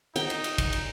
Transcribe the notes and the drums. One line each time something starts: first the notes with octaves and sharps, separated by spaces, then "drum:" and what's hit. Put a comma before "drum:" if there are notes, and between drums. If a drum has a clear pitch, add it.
D#4 G5, drum: cymbal
drum: cymbal
drum: cymbal
drum: kick, cymbal
drum: cymbal